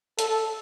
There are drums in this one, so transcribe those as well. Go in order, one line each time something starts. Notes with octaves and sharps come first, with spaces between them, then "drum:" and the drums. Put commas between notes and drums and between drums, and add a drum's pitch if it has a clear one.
A4, drum: hi-hat